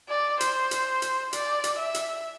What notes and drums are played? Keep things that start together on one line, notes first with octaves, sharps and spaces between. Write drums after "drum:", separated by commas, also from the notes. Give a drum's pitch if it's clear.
D5
C5, drum: hi-hat
drum: hi-hat
drum: hi-hat
D5, drum: hi-hat
drum: hi-hat
E5
drum: hi-hat